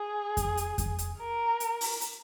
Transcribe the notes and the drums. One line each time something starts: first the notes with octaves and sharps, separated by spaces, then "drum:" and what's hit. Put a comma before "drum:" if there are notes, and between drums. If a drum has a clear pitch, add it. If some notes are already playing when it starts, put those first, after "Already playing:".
Already playing: G#4
drum: kick F2, hi-hat
drum: hi-hat
drum: kick F2, hi-hat
drum: hi-hat
A#4
drum: hi-hat
drum: open hi-hat
drum: hi-hat